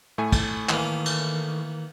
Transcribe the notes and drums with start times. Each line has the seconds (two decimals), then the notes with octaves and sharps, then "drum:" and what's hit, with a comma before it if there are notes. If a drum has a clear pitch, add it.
0.18 A2 A3 G#5
0.32 drum: kick, cymbal
0.69 D#3 E3 A#3, drum: clap
1.06 drum: cymbal